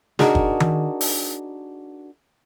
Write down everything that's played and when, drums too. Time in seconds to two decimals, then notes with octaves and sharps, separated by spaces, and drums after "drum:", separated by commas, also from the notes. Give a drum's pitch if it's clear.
0.19 D4 D#4 F#4 G#4 A#4, drum: snare
0.35 drum: kick
0.60 drum: tom D#3
1.01 drum: open hi-hat